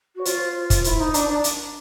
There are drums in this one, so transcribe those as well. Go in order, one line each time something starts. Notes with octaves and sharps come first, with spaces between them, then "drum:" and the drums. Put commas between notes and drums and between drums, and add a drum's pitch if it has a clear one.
F#4 C#5
F4 C5, drum: hi-hat
drum: kick, hi-hat
E4, drum: hi-hat
D#4
D4, drum: hi-hat
D4
drum: hi-hat